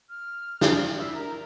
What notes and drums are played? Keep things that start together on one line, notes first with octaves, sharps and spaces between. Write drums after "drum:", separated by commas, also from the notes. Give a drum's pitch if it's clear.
F6
drum: snare
E4
A#4